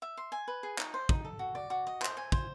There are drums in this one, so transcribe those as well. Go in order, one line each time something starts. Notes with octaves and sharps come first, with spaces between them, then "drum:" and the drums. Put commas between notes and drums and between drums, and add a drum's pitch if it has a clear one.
E5
C6
G#5
B4
G#4
D#4, drum: clap
C5
D#4, drum: kick
A4
F#4
D5
F#4
D#5
C5, drum: clap
G#5
C5, drum: kick